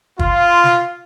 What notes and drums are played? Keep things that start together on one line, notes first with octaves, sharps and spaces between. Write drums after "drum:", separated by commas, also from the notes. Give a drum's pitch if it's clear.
F4, drum: kick
drum: snare